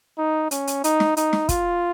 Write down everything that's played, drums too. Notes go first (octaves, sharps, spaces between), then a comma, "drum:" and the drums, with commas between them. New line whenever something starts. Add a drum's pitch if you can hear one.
D#4
C#4, drum: hi-hat
drum: hi-hat
D#4, drum: hi-hat
drum: snare
D#4, drum: hi-hat
drum: snare
F4, drum: kick, hi-hat